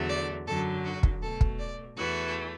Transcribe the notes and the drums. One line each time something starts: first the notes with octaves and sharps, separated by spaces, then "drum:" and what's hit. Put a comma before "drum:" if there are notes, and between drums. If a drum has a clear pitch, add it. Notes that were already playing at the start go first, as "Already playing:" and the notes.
Already playing: E2 D3 F#3 A3
D5
F#2 D3 F#3 A4
F#4
drum: kick
B2 A3 A4
drum: kick
D5
E2 E3 A3 F#4